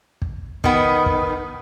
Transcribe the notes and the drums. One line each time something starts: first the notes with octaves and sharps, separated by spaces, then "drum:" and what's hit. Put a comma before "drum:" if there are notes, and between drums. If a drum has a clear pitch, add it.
drum: kick
D#3 B3, drum: kick
drum: kick